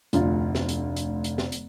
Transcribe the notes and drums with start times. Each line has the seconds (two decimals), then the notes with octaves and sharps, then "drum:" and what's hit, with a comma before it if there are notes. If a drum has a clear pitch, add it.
0.13 F1 D2 F4, drum: hi-hat
0.55 drum: snare
0.69 drum: hi-hat
0.96 drum: hi-hat
1.24 drum: hi-hat
1.38 drum: snare
1.52 drum: hi-hat